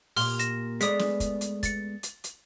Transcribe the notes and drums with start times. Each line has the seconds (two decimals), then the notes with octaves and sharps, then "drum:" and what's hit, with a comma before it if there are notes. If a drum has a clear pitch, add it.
0.16 A#2 G4 C6 F6, drum: open hi-hat
0.39 A#6 E7, drum: hi-hat
0.81 G#3 A3 B3 G#4 D5 D#6 B6, drum: hi-hat
0.99 drum: snare
1.20 drum: kick, hi-hat
1.41 drum: hi-hat
1.63 A6 C#7, drum: kick, hi-hat
2.03 drum: hi-hat
2.24 drum: hi-hat